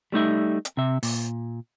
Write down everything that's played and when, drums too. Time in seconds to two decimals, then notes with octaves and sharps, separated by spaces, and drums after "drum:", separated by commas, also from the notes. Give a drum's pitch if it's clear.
0.12 G3 A3 D#4 E5
0.65 drum: hi-hat
0.77 C3 E5
1.03 A#2, drum: open hi-hat